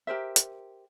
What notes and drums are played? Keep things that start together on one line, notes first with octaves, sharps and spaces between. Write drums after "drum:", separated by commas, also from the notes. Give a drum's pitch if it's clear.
G4 A#4 C5 E5
drum: hi-hat